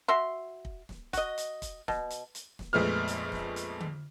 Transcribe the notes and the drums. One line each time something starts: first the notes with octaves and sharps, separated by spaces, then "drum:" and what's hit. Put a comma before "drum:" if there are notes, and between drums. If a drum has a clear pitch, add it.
F#4 E5 C6
drum: kick
drum: snare
F#4 D#5, drum: kick, hi-hat
drum: hi-hat
drum: kick, hi-hat
B2, drum: snare
drum: hi-hat
drum: hi-hat
drum: snare
A#1 F2 G#3 A3 B3 F6
drum: hi-hat
drum: snare
drum: hi-hat
drum: tom D3